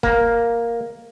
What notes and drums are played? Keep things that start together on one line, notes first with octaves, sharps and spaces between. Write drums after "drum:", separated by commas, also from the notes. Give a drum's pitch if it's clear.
A#3, drum: kick F1